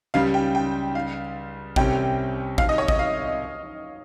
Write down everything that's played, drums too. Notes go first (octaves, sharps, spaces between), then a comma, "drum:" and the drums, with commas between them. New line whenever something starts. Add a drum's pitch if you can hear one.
C#2 C#3 G3 F5
G5
G5
F5
C2 C3 G3 C#4 G5, drum: kick A1
F5, drum: kick A1
D#5
C#5
D#5, drum: kick A1
F5